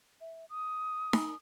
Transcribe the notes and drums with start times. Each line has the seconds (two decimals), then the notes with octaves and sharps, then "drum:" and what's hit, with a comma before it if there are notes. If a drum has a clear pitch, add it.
0.21 E5
0.50 D#6
1.13 drum: snare D#4